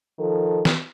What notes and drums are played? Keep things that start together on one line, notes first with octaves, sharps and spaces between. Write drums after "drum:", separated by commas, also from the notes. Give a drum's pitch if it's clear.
D#3 F3 A4
drum: snare